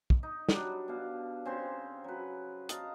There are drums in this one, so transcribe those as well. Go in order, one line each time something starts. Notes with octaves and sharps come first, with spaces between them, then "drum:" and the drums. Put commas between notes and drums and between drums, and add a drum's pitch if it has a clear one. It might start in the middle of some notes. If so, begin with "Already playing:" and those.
drum: kick
D#4
F#3 G3 D4, drum: snare
B2 F5
C#3 C4 C5 C6
F#3 B4
D#5 F5 A5 A#5, drum: hi-hat